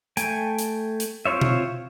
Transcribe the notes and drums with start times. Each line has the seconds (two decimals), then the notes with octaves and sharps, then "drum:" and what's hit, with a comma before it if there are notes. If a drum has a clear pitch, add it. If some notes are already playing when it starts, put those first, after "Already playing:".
0.17 A3 G5 G#5, drum: hi-hat
0.59 drum: hi-hat
1.00 drum: hi-hat
1.25 C4 F4 C5 C#5 E5
1.41 drum: tom B2